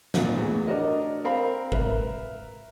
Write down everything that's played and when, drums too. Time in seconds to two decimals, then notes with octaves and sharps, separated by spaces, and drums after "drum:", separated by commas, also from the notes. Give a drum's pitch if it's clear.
0.14 A#2, drum: snare
0.37 E2 A2 E3
0.67 D4 F#4 A#4 D#5
1.24 C4 A#4 F5 B5
1.72 A#4 B4 E5, drum: kick G#1